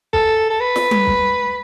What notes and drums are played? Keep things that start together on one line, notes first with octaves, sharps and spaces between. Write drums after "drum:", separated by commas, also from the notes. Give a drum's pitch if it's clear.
A4, drum: kick
A4
B4
drum: snare
drum: tom G3
drum: kick